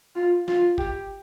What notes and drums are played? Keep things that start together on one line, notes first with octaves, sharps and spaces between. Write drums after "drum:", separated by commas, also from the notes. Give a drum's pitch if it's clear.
F4
F4, drum: snare
G4, drum: kick G1